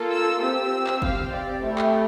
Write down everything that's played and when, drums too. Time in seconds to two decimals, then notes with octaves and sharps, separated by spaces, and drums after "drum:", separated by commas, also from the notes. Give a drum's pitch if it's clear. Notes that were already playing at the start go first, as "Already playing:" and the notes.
Already playing: A#3 F4 A4
0.11 E6
0.42 C4 G4 E6
0.87 drum: clap
1.02 C4 G4 F5, drum: kick
1.33 D5
1.63 A3 E4 G4 E5
1.78 drum: clap